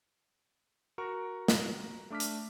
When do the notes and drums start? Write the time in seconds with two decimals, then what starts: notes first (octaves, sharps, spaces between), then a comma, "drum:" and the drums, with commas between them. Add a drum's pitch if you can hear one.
0.98 F#4 A#4 C#6
1.48 drum: snare
2.10 A3 D4 D6 F6 B6
2.20 drum: hi-hat